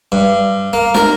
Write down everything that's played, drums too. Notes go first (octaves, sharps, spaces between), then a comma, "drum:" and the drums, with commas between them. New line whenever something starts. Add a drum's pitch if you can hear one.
G2
A#3
A#4, drum: snare